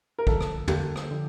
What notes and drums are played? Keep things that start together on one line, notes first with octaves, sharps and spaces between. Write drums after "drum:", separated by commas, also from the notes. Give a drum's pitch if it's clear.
A#4
G2 D3 F3 A#3 A4, drum: kick A#1
drum: rim click
D2 D3 G3 A#3 G4, drum: tom
drum: rim click
D3 F3